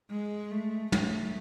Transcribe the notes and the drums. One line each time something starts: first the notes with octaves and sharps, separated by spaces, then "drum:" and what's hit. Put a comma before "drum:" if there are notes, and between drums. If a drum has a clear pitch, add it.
G#3
A3
A3, drum: tom